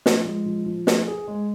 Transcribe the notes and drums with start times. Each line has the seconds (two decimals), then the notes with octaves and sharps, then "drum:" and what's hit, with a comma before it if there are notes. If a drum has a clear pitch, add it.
0.06 F3, drum: snare
0.25 G#3
0.46 F3
0.66 F3
0.87 G#4, drum: snare
1.08 G#4
1.28 G#3